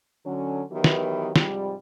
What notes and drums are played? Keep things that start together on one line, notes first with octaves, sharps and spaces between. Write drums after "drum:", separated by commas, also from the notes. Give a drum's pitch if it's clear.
D3 F#3 C#4
D#3 E3 F#3 B3 E4 G4
drum: snare
G#2 C3 F3 G3, drum: snare